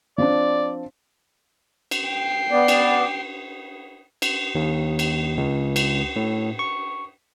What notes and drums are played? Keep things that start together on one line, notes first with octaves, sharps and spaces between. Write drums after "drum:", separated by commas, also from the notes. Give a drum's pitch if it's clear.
F3 C4 D4 D5
drum: cymbal
G5 C7
B3 D5
drum: cymbal
drum: cymbal
D#2
drum: cymbal
C#2
drum: cymbal
A2
C#6